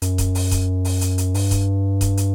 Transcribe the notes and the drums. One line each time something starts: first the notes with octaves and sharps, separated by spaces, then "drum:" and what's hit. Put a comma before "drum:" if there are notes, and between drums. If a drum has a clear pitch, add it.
F#2, drum: hi-hat
drum: kick D#1, hi-hat
drum: open hi-hat
drum: kick D#1, hi-hat
drum: open hi-hat
drum: hi-hat
drum: hi-hat
G2, drum: open hi-hat
drum: kick D#1, hi-hat
drum: kick D#1, hi-hat
drum: hi-hat